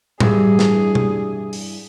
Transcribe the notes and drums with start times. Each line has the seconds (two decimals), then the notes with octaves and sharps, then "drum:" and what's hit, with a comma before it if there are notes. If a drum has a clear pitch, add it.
0.20 G2 E3 G#4, drum: tom A2
0.59 drum: snare
0.95 drum: tom B2
1.53 drum: open hi-hat